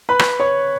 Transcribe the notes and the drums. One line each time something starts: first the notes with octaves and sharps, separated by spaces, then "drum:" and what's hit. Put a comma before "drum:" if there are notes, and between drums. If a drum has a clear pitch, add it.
B4 B5
drum: rim click
C#5 C#6